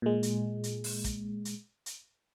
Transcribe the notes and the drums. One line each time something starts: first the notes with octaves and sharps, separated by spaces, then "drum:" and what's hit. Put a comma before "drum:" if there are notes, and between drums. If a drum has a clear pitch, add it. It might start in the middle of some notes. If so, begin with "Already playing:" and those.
A#2 G#3
drum: hi-hat
drum: hi-hat
drum: open hi-hat
drum: kick, hi-hat
drum: hi-hat
drum: hi-hat